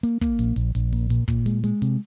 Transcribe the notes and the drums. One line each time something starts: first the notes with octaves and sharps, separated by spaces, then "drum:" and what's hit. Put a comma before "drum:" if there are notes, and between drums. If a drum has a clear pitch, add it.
A#3, drum: hi-hat
A#3, drum: kick, hi-hat
A#1, drum: hi-hat
A#1, drum: hi-hat
A#1, drum: hi-hat
A#2, drum: open hi-hat
A#2, drum: hi-hat
A#2, drum: kick, hi-hat
G#3, drum: hi-hat
G#3, drum: hi-hat
C3, drum: hi-hat